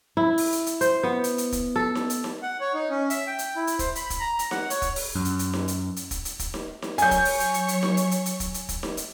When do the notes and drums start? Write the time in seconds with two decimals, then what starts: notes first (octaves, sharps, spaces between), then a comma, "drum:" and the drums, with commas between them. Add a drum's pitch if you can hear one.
0.17 E4
0.38 drum: open hi-hat
0.52 drum: hi-hat
0.66 drum: hi-hat
0.81 C5, drum: hi-hat
1.03 B3
1.24 drum: hi-hat
1.38 drum: hi-hat
1.52 drum: kick, hi-hat
1.76 A4
1.95 drum: snare D#4
2.10 drum: hi-hat
2.24 drum: snare D#4
2.42 F#5
2.61 C#5
2.74 D#4
2.89 C#4
3.10 E5, drum: hi-hat
3.27 G5
3.39 drum: hi-hat
3.56 E4
3.67 drum: hi-hat
3.79 C5, drum: kick, hi-hat
3.95 B5, drum: hi-hat
4.10 drum: kick, hi-hat
4.20 A#5
4.39 drum: hi-hat
4.51 F#5, drum: snare D#4
4.70 C#5, drum: hi-hat
4.82 drum: kick, hi-hat
4.96 drum: open hi-hat
5.15 F#2
5.25 drum: hi-hat
5.39 drum: hi-hat
5.53 drum: snare D#4
5.68 drum: hi-hat
5.96 drum: hi-hat
6.11 drum: kick, hi-hat
6.25 drum: hi-hat
6.39 drum: kick, hi-hat
6.54 drum: snare D#4
6.82 drum: snare D#4
6.98 F#3 C#5 G#5 C#6 G6, drum: hi-hat
7.11 drum: kick, hi-hat
7.25 drum: open hi-hat
7.40 drum: hi-hat
7.54 drum: hi-hat
7.68 drum: hi-hat
7.83 drum: snare D#4
7.97 drum: hi-hat
8.11 drum: hi-hat
8.26 drum: hi-hat
8.40 drum: kick, hi-hat
8.54 drum: hi-hat
8.69 drum: kick, hi-hat
8.83 drum: snare D#4
8.97 drum: hi-hat